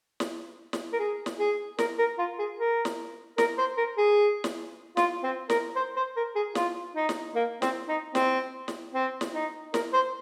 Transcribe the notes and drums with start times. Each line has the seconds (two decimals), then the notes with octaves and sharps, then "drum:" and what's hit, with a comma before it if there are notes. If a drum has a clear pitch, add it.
0.20 drum: snare
0.73 drum: snare
0.93 A#4
0.99 G#4
1.26 drum: snare
1.39 G#4
1.78 A#4, drum: snare
1.99 A#4
2.19 F4
2.39 G#4
2.59 A#4
2.85 drum: snare
3.38 A#4, drum: snare
3.58 C5
3.77 A#4
3.97 G#4
4.44 drum: snare
4.97 F4, drum: snare
5.23 C4
5.50 A#4, drum: snare
5.76 C5
5.96 C5
6.17 A#4
6.36 G#4
6.55 F4, drum: snare
6.96 D#4
7.09 drum: snare
7.35 A#3
7.62 C4, drum: snare
7.89 D#4
8.15 C4, drum: snare
8.68 drum: snare
8.94 C4
9.21 drum: snare
9.34 D#4
9.74 A#4, drum: snare
9.93 C5